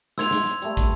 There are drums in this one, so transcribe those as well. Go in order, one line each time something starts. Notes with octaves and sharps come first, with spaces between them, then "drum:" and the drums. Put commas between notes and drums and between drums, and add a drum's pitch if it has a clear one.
C5 E6 G#6 F7, drum: snare
drum: snare
drum: hi-hat
G3 A3, drum: hi-hat
drum: kick, hi-hat